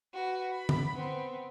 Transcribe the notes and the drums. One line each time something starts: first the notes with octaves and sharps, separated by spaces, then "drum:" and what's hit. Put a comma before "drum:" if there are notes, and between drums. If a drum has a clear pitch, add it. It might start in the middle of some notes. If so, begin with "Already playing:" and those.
F#4 B4
B5
drum: tom D3
B3 C4